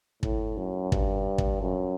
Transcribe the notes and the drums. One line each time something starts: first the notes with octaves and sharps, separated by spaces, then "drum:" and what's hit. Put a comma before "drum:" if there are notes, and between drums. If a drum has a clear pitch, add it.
A2, drum: kick
F#2
G2, drum: kick
drum: kick
F#2